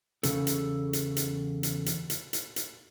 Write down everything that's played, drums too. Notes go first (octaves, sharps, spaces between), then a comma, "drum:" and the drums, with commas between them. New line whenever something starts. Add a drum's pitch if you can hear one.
E2 C#3 C#4 A4, drum: hi-hat
drum: hi-hat
drum: hi-hat
drum: hi-hat
drum: hi-hat
drum: hi-hat
drum: hi-hat
drum: hi-hat
drum: hi-hat